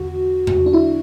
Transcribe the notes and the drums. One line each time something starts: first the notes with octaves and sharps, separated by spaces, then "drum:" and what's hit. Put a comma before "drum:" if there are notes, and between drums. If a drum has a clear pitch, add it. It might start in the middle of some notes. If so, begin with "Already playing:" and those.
Already playing: E2 D3 F#4
drum: tom E2
D4
E4